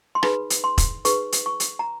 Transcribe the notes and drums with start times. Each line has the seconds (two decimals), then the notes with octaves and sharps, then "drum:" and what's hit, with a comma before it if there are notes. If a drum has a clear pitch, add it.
0.15 C6
0.23 D#4 G#4 B4 B5, drum: rim click
0.50 drum: hi-hat
0.64 C6
0.78 drum: kick E1, hi-hat
1.05 D#4 G#4 B4 C#6, drum: hi-hat
1.32 drum: hi-hat
1.46 C#6
1.60 drum: hi-hat
1.79 A#5